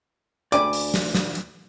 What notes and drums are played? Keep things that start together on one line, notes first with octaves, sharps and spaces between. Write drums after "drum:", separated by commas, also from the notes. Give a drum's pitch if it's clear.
D2 D5 G#5 B5 D6, drum: hi-hat
drum: open hi-hat
drum: snare
drum: snare
drum: hi-hat